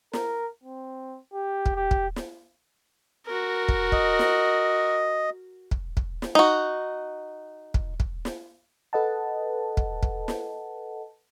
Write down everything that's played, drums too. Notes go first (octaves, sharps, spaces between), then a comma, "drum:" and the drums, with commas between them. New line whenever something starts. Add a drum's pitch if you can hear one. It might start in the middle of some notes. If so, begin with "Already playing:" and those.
A#4, drum: snare
C4
G4
drum: kick
G4
drum: kick
drum: snare
F#4 A#4
drum: kick
D#5, drum: kick
drum: snare
drum: kick
drum: kick
drum: snare
D#4 F#4
drum: kick
drum: kick
drum: snare
A4 B4 D#5 F#5 A5
drum: kick
drum: kick
drum: snare